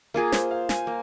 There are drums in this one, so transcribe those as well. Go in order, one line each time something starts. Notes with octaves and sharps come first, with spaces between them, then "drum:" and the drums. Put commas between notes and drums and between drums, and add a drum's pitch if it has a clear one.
A#3 F4 G#4 A#4
C5, drum: snare
F5
G#5, drum: snare
A#3